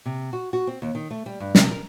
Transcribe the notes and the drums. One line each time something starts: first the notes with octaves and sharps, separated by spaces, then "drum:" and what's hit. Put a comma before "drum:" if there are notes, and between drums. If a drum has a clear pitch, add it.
C3
F#4
F#4
C4
D#2
D#3
A3
G3
G2
C3, drum: snare
A#4